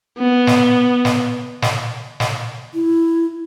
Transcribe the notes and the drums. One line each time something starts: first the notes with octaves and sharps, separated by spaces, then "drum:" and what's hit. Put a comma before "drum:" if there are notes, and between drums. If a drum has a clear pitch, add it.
B3
drum: snare
drum: snare
drum: snare
drum: snare
E4